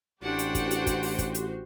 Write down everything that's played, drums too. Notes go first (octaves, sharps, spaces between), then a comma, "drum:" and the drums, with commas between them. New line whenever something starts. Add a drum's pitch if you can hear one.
A1 D4 F#4 G4 C5 F#5 G5
drum: hi-hat
drum: kick, hi-hat
drum: hi-hat
drum: kick, hi-hat
drum: open hi-hat
drum: kick, hi-hat
drum: hi-hat